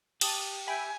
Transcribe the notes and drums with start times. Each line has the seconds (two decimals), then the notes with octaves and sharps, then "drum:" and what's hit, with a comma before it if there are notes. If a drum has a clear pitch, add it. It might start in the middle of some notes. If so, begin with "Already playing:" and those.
0.21 G4 A5 D#6, drum: cymbal
0.68 E5 G5 G#5 B5